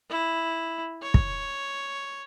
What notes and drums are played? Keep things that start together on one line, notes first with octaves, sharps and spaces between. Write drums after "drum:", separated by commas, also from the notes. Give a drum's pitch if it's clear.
E4
C#5
drum: kick